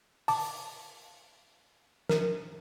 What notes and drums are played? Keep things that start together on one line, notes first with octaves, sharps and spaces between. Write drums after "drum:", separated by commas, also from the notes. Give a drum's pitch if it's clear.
A5 D6, drum: open hi-hat
A#4, drum: snare